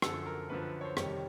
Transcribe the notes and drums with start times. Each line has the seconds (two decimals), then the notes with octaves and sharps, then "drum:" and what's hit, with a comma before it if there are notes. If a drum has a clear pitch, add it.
0.02 F#2 D3 F3 A4, drum: rim click
0.26 A#4
0.49 F#2 D3 F3 B4
0.62 B4
0.81 C#5
0.85 C5
0.97 F2 C3 D#3 G3 C#5, drum: rim click